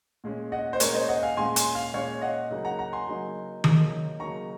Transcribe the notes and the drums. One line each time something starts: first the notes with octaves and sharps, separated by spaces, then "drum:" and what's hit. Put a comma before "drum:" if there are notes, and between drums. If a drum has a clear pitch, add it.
A#2 G#3 C#4
D#5 F#5
C5
A#2 G#3 C#4 A#4 C#5, drum: hi-hat
C5 D#5
D#5 F#5
F5 G#5
A#2 G#3 C#4 G#5 C6
G#5 C6, drum: hi-hat
F5 G#5
A#2 G#3 C#4 C#5 F5
D#5 F#5
C#3 F#3 A#3 D#4
F#5 A#5
F#5 A#5
G#5 C6
C#3 F#3 A#3 D#4
C#3 F#3 A#3 D#4, drum: tom D#3
C#3 F#3 A#3 D#4 A#5 C#6